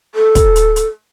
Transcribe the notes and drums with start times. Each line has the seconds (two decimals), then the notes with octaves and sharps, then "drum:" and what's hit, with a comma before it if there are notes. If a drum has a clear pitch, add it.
0.15 A4
0.35 drum: kick, hi-hat
0.56 drum: hi-hat
0.76 drum: hi-hat